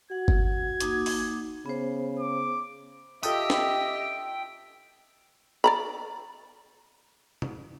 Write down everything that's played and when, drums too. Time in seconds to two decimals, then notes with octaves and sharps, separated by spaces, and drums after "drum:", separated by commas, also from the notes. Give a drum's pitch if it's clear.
0.11 F#4 F#5 G#6
0.28 drum: kick G1
0.80 A#3 D#4 D6, drum: hi-hat
1.06 drum: open hi-hat
1.66 C#3 B3 C5
2.20 D6
3.23 F4 G4 A4 D#5 E5 G5 D#6, drum: tambourine
3.50 drum: snare
5.64 D5 A#5 B5
7.42 drum: tom B2